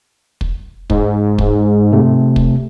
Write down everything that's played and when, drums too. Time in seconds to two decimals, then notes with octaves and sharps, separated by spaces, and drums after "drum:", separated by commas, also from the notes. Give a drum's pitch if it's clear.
0.41 drum: kick
0.90 G#2, drum: kick
1.38 drum: kick
1.92 C3 A3
2.36 drum: kick